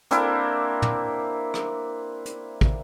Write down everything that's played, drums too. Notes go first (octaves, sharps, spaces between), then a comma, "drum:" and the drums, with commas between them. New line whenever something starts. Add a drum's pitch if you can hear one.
A#3 C4 D4 E4, drum: hi-hat
drum: tom
drum: rim click
drum: hi-hat
drum: kick